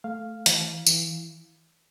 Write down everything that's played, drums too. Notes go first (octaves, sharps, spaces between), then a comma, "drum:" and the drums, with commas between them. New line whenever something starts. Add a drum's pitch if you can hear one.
A3 F5
E3, drum: hi-hat
E3, drum: tambourine